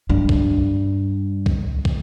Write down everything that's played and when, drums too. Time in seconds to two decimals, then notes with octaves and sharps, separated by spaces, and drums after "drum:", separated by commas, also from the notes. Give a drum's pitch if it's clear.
0.10 G2 D4
0.29 drum: kick
1.46 drum: kick
1.85 drum: kick